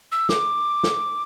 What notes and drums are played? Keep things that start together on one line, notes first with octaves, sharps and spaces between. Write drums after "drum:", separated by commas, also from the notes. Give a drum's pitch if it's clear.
E6
D6, drum: snare
drum: snare